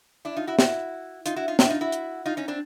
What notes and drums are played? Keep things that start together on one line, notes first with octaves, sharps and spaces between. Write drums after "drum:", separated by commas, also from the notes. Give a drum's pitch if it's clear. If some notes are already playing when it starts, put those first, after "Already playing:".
D4 E4
D#4 F4
E4 F#4
E4 F#4, drum: snare
D#4 F4, drum: hi-hat
E4 F#4
D#4 F4
D4 E4, drum: snare
D#4 F4
E4 F#4
drum: hi-hat
D#4 F4
C#4 D#4
C4 D4